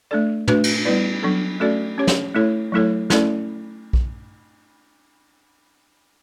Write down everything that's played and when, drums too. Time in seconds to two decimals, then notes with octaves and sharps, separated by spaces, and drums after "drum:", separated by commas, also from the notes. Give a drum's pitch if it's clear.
0.11 A3 D4 A4 D5
0.48 A3 D4 F#4 B4, drum: tom
0.64 drum: cymbal
0.85 G3 B3 E4 B4 D5
1.23 F#3 B3 D4 A4
1.60 A3 C#4 F#4 A4 D5
1.98 C#4 G4 C#5
2.07 drum: snare
2.35 A3 E4 A4 C#5
2.72 F#3 A3 E4 A4 C#5
3.10 A3 C#4 E4 A4 D5, drum: snare
3.93 drum: kick